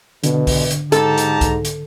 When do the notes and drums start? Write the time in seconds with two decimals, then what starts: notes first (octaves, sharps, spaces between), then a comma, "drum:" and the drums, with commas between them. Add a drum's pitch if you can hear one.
0.24 B2 D3, drum: hi-hat
0.47 drum: kick C2, open hi-hat
0.71 drum: hi-hat
0.92 G#2 G4 A4 A5 A#5, drum: hi-hat
1.18 drum: hi-hat
1.41 drum: kick C2, hi-hat
1.65 drum: hi-hat